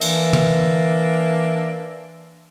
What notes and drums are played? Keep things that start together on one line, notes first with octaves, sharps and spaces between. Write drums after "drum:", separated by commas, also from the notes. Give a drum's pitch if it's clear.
E3 A#3 D4 E5, drum: cymbal
drum: tom